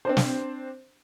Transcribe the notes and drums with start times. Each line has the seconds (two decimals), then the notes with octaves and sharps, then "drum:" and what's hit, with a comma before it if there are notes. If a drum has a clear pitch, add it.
0.05 C4 D4 C5
0.17 drum: snare